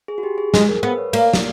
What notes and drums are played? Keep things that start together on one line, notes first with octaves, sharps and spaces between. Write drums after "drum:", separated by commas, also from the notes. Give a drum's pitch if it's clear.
G#4
F#4
G4
G#4
G#3 G#4, drum: snare
A#4
B3 B4
C#5
A#3 D5, drum: cymbal
drum: snare